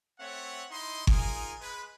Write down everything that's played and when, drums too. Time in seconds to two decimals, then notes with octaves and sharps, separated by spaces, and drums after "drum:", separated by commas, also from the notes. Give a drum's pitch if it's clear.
0.19 A3 C4 C#5 E5 F#5
0.70 D#4 E4 D#5 C6
1.07 D#4 F4 G#4 A#4 G#5, drum: kick G1
1.61 G#3 B4